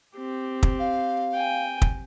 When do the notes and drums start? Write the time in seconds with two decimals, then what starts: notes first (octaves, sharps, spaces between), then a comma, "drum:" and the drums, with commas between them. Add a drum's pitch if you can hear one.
0.16 C4 G4
0.63 drum: kick
0.79 F5
1.35 G5 G#5
1.82 drum: kick